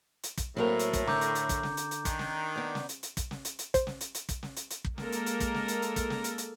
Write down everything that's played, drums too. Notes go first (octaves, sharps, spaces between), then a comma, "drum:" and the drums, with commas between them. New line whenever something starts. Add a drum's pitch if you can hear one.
drum: hi-hat
drum: kick, hi-hat
A2 F#3 A#3 C4 A4 A#4
drum: hi-hat
drum: kick, hi-hat
D3 A#5 D6 G6, drum: snare
drum: hi-hat
drum: hi-hat
drum: kick, hi-hat
drum: snare
drum: hi-hat
drum: hi-hat
D#3 D4, drum: kick, hi-hat
drum: snare
B3 D5
drum: snare
drum: hi-hat
drum: hi-hat
drum: kick, hi-hat
drum: snare
drum: hi-hat
drum: hi-hat
C5, drum: kick, hi-hat
drum: snare
drum: hi-hat
drum: hi-hat
drum: kick, hi-hat
drum: snare
drum: hi-hat
drum: hi-hat
drum: kick
G#3 A#3 A4 A#4, drum: snare
drum: hi-hat
drum: hi-hat
drum: kick, hi-hat
drum: snare
drum: hi-hat
drum: hi-hat
drum: kick, hi-hat
drum: snare
drum: hi-hat
drum: hi-hat